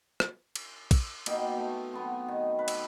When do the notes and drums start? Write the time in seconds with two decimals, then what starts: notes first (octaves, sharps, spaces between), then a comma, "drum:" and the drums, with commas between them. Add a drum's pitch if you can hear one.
0.20 drum: rim click
0.56 drum: cymbal
0.91 drum: kick, cymbal
1.26 B2 A#3 D#4 G4, drum: cymbal
1.57 A3 A5
1.93 F#3 B3 C4
2.28 D#3
2.59 B4
2.68 drum: cymbal